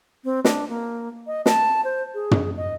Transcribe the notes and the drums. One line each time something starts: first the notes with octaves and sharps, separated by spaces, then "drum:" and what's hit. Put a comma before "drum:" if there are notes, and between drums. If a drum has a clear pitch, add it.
C4
D4, drum: snare
A#3
D#5
A5, drum: snare
C5
G#4
drum: tom
D#5